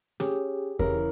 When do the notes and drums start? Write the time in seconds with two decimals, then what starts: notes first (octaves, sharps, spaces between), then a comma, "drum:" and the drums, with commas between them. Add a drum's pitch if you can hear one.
0.20 C#4 G4 G#4, drum: snare
0.79 C#3 E3 A#4, drum: kick E2